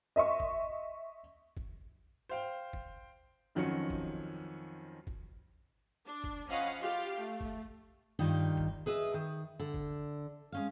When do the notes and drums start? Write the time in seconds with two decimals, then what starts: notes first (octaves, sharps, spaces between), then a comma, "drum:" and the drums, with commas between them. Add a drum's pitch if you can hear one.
0.16 D#5 E5 C6 C#6
0.40 drum: kick
1.57 drum: kick
2.29 C5 F5 G5
2.73 drum: kick
3.55 F2 D#3 F3 F#3 C#4 C#7
3.90 drum: kick
5.07 drum: kick
6.06 D4
6.24 drum: kick
6.48 F3 C#4 D#5 F5 F#5 B5
6.80 F4 G4 F5
7.18 A3
7.41 drum: kick
8.19 G2 D#3 D#4 F4 G4
8.57 drum: kick
8.86 G#4 B4 D#5 E5
9.14 D#3
9.59 D3
9.74 drum: kick
10.52 G#3 C#4 F5